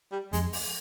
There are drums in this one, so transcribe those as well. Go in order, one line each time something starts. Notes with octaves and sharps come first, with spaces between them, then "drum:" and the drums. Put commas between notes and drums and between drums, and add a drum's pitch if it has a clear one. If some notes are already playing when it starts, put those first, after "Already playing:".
G3
F2 G#3, drum: hi-hat
drum: open hi-hat